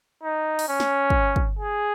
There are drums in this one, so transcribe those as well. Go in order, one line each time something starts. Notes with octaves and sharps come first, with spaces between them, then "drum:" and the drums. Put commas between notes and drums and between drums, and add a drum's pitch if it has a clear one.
D#4
drum: open hi-hat
C#4
drum: snare
drum: kick
drum: kick
G#4